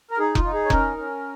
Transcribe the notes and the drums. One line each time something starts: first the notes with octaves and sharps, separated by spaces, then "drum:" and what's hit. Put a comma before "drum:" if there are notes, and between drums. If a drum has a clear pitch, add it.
A#4
D#4 G#4
F4, drum: kick F1
D#4
G#4
C#5
C#4 A#4, drum: kick F1
C#4